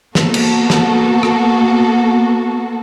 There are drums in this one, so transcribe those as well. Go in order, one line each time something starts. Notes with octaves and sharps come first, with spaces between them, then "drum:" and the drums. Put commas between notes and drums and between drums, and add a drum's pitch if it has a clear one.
A#3 B3 F#4 A4, drum: snare
drum: cymbal
drum: snare
drum: rim click